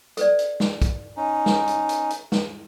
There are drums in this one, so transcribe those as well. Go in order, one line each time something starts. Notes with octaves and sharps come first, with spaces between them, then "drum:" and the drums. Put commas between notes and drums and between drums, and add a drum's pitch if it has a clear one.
A4 B4 D5, drum: hi-hat
drum: hi-hat
drum: snare
drum: kick, hi-hat
C#4 D#4
drum: snare
drum: hi-hat
drum: hi-hat
drum: hi-hat
drum: snare